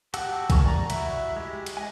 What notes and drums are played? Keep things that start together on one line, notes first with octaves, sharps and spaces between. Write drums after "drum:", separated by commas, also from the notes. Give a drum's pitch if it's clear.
F#4 G4 F#5 A5 E6, drum: cymbal
A#4 G#5 A5 C#6, drum: kick B1, cymbal
D5 A#5
E4 F#4 E5, drum: cymbal
G#3 G4
drum: cymbal
D#5 G#5